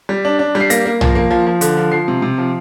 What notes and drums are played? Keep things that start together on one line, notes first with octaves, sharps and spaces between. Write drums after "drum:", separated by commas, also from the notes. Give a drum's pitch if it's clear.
G3
D4
D4
G3
C7
A#3 A#6, drum: hi-hat
A#3
F3, drum: tom B1
A#3
F3
F3
D3, drum: hi-hat
F3
F3 C7
C3
C3
F3